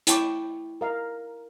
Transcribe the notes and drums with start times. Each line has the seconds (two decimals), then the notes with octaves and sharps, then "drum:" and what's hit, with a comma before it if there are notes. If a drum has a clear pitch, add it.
0.07 E4 G5 A5 C#6 D6, drum: hi-hat
0.81 A#4 F5